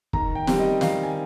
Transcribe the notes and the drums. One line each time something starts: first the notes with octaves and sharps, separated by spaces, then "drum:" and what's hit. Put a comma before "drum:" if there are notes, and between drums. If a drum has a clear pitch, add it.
D#3 A#5, drum: kick
G5
G3 C4, drum: snare
D#5
D#3 F5, drum: snare
G#5